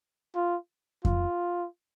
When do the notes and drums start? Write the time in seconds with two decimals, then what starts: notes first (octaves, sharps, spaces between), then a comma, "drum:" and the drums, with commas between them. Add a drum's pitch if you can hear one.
0.36 F4
1.05 F4, drum: kick F2